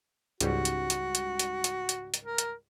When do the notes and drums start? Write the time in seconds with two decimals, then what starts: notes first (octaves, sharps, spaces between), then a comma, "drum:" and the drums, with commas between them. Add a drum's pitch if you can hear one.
0.41 C#2 G#2 G3 F#4, drum: hi-hat
0.65 drum: hi-hat
0.90 drum: hi-hat
1.15 drum: hi-hat
1.39 drum: hi-hat
1.64 drum: hi-hat
1.89 drum: hi-hat
2.14 drum: hi-hat
2.24 A#4
2.38 drum: hi-hat